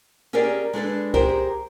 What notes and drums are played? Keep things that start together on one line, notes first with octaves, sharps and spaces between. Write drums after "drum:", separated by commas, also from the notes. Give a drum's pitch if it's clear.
C#4 G4 G#4 A#4 D5
G#3 D4 A4 B4
G4 G#4 A#4 C5, drum: kick C2